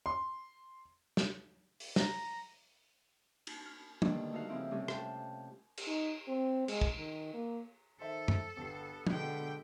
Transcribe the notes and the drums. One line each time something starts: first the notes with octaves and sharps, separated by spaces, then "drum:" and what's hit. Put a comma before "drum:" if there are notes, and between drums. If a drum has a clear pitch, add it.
C6
drum: snare
drum: open hi-hat
A#5, drum: snare
drum: cymbal
F6
B2 D3 D#3 G3 A#3 B3, drum: tom
A3 D#4 F#4 A#4 F5 F#5
C#3 F3 C4 E4
C3 G3 A3 C#4
F4 G5 A5, drum: rim click
drum: cymbal
D#4
C4
G#3, drum: cymbal
drum: kick
D#3
A#3
D#3 A4 C5 E5
drum: tom F#2
G1 G3 B3 C7
B2 D3 G#3 G5, drum: tom